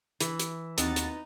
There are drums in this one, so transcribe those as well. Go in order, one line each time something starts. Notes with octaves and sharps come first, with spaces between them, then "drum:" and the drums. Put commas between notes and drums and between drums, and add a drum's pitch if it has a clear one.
E3, drum: hi-hat
drum: hi-hat
D#2 B3 C4 D#4 F#4 A6, drum: hi-hat
drum: hi-hat